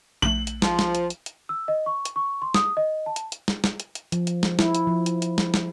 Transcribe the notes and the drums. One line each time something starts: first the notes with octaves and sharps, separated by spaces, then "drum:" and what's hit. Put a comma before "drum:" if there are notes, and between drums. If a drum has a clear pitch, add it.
A#1 A3 F#7
drum: hi-hat
F3, drum: snare
drum: snare
drum: hi-hat
drum: hi-hat
drum: hi-hat
E6
D#5
C#6
drum: hi-hat
C#6
C6
D#6, drum: snare
D#5
A5
drum: hi-hat
drum: hi-hat
drum: snare
drum: snare
drum: hi-hat
drum: hi-hat
F3, drum: hi-hat
drum: hi-hat
drum: snare
E4, drum: snare
drum: hi-hat
F3
drum: hi-hat
drum: hi-hat
drum: snare
drum: snare